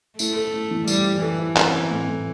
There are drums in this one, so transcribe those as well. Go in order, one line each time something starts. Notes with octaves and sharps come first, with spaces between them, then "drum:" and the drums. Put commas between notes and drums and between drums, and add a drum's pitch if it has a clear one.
A3 E4, drum: tambourine
A4
E4
E3
G3 E4, drum: tambourine
E4
E3 A4
E4
C4, drum: clap
C4
A2
A2